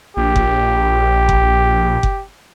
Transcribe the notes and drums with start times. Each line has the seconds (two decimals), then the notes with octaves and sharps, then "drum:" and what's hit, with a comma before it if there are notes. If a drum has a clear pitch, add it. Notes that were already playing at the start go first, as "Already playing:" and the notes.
0.17 A#1 G4
0.36 drum: kick F#1
1.29 drum: kick F#1
2.03 drum: kick F#1